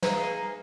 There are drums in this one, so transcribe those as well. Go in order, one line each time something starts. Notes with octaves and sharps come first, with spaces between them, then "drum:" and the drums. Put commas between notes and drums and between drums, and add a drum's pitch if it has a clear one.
A#3 D#4 G#4 B4 D#5, drum: snare